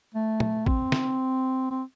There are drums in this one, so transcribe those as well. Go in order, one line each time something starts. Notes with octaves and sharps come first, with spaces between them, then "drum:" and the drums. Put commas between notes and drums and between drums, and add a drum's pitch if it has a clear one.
A3
drum: tom
C4, drum: kick
drum: snare
C4